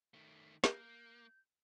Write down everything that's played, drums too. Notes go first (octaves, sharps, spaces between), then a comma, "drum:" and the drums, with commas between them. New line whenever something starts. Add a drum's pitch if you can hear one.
D#3 A3
A#3 G6, drum: snare